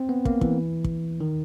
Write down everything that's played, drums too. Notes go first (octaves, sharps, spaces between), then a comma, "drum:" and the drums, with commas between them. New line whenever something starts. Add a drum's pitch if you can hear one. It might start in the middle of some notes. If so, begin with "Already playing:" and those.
Already playing: C4
B3
A#3, drum: kick
E3, drum: kick
drum: kick
D#3